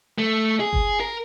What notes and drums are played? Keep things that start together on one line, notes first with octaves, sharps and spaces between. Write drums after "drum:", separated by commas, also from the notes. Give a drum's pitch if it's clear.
A3
G#4
drum: kick G1
A#4